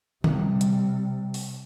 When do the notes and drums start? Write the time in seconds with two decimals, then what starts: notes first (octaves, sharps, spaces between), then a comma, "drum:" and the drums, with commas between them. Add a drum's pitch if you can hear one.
0.24 C3 G3, drum: tom D3
0.61 drum: hi-hat
1.34 drum: open hi-hat